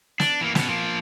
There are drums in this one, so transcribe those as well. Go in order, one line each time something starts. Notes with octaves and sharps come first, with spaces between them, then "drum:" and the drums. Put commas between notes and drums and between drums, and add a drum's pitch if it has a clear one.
D4, drum: snare
E3 A#3
B2 C#4, drum: snare
F3 A#3